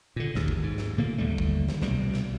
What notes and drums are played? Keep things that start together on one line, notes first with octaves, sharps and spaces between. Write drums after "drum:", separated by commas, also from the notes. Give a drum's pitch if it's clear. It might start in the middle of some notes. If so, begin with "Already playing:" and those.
A#2 D3
D#2 G#2, drum: snare
drum: kick
G#2
drum: snare
A#2 D3 A#3
D#2 D3 G3 A3
drum: kick
drum: snare
C2 B2 G3, drum: snare
drum: snare